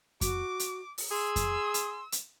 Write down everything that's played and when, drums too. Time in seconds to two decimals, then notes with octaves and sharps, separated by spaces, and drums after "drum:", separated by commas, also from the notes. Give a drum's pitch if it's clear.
0.21 F#4 D6, drum: kick F2, hi-hat
0.59 drum: hi-hat
0.98 drum: open hi-hat
1.11 G#4 C6 E6
1.36 drum: kick F2, hi-hat
1.74 drum: hi-hat
2.12 drum: hi-hat